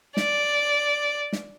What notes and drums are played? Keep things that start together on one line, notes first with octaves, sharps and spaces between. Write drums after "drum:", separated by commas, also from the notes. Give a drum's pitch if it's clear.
D5, drum: snare
drum: snare